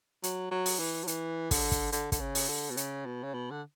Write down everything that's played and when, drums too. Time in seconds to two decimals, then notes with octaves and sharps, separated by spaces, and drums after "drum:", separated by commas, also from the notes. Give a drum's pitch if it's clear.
0.23 F#3, drum: hi-hat
0.51 F#3
0.66 drum: open hi-hat
0.79 E3
1.04 F#3
1.07 E3, drum: hi-hat
1.51 D3, drum: kick, open hi-hat
1.72 drum: kick, hi-hat
1.92 D3, drum: hi-hat
2.12 D3, drum: kick, hi-hat
2.20 C#3
2.35 drum: open hi-hat
2.49 D3
2.71 B2
2.77 C#3, drum: hi-hat
3.06 B2
3.24 C#3
3.34 B2
3.51 D3